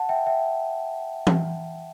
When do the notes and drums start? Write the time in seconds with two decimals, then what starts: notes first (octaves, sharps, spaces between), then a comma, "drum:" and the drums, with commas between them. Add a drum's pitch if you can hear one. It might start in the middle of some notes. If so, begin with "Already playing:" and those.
Already playing: F#5 A5
0.09 E5 G5
0.27 E5 G5
1.27 drum: tom E3